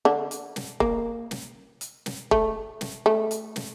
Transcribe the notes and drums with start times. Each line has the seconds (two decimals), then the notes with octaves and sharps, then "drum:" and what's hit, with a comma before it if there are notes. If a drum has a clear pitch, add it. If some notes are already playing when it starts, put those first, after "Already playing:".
0.05 D3 D4
0.31 drum: hi-hat
0.56 drum: snare
0.80 A#3, drum: kick
1.31 drum: snare
1.81 drum: hi-hat
2.06 drum: snare
2.31 A3, drum: kick
2.81 drum: snare
3.06 A3
3.31 drum: hi-hat
3.56 drum: snare